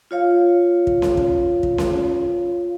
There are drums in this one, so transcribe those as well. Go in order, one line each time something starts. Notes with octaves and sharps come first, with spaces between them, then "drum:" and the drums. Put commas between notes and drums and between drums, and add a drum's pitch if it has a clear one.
F4 C#5 F5
drum: kick
drum: snare C#4
drum: kick
drum: kick
drum: snare C#4